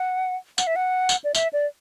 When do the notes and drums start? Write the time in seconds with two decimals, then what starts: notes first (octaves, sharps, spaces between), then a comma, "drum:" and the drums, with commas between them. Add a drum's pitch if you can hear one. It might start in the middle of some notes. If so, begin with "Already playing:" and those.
Already playing: F#5
0.58 F#5, drum: tambourine
0.67 E5
0.76 F#5
1.09 drum: tambourine
1.24 D5
1.35 E5, drum: tambourine
1.53 D5